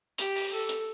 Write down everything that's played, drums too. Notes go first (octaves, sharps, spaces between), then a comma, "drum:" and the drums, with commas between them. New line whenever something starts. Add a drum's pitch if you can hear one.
G4, drum: hi-hat
drum: open hi-hat
A4
drum: hi-hat